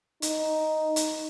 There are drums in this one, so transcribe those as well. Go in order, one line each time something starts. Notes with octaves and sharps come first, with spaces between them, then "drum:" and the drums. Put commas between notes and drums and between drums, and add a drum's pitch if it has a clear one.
D#4, drum: hi-hat
drum: hi-hat